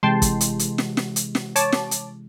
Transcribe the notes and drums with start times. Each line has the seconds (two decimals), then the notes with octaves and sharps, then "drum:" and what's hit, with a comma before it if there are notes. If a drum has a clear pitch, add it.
0.03 C3 E3 G#3 G5 A5 C6
0.22 drum: kick, hi-hat
0.41 drum: hi-hat
0.59 drum: hi-hat
0.78 drum: snare
0.97 drum: snare
1.16 drum: hi-hat
1.35 drum: snare
1.56 C#5 A5 D6, drum: hi-hat
1.72 drum: snare
1.91 drum: hi-hat